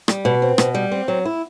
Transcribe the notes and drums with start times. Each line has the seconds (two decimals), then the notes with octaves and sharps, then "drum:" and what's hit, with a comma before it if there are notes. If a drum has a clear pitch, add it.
0.08 G3, drum: rim click
0.25 B2
0.42 C4
0.58 B2, drum: rim click
0.74 G3
0.92 C4
1.08 F#3
1.25 E4